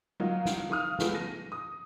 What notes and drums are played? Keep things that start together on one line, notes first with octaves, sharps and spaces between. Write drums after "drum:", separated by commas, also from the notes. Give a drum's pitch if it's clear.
F#3 A#3 D#4 F4
drum: snare
D#3 F5 D#6 F6
E2 F3 G#3 A3 B3, drum: snare
A#6 D#7
D#6